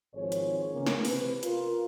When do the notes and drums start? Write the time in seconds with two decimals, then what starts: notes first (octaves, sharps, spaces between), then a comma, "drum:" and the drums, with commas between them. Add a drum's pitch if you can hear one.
0.14 G#1 G#2 F3 G#4 C#5
0.32 drum: hi-hat
0.72 C#3 E3 A#3 C#4
0.87 drum: snare
1.05 C3 B4, drum: open hi-hat
1.43 F4 A#4, drum: hi-hat